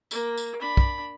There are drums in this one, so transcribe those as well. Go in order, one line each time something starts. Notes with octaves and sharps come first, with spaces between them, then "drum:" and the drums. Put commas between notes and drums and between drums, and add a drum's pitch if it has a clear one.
A#3, drum: tambourine
drum: tambourine
D4 B5
drum: kick B1